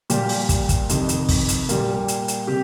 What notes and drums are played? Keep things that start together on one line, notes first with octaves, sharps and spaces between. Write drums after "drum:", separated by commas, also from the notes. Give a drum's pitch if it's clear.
A#2 G3 A#3 G4, drum: hi-hat
drum: open hi-hat
drum: kick, hi-hat
drum: kick, hi-hat
F2 C3 D#3, drum: hi-hat
drum: hi-hat
drum: kick, open hi-hat
drum: hi-hat
A#2 G3 A#3, drum: hi-hat
drum: hi-hat
drum: hi-hat
C3 G4